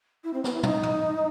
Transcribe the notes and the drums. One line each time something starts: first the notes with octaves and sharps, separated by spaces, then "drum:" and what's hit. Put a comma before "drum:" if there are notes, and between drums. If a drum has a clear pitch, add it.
E4
C4
B3, drum: snare
E4
D#4, drum: tom
drum: tom